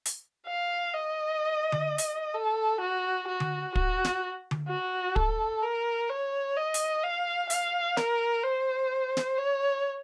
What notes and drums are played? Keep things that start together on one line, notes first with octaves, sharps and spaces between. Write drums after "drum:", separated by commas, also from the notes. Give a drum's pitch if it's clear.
drum: hi-hat
F5
D#5
drum: tom D3
drum: hi-hat
A4
F#4
F#4
drum: tom D3
F#4, drum: kick
drum: snare
drum: tom D3
F#4
A4, drum: kick
A#4
C#5
D#5
drum: hi-hat
F5
F5, drum: hi-hat
A#4, drum: snare
C5
drum: snare
C#5